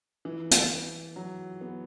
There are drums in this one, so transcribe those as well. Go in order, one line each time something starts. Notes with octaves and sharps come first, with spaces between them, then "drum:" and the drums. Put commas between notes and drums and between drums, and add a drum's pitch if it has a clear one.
E3
drum: hi-hat
F#3
B3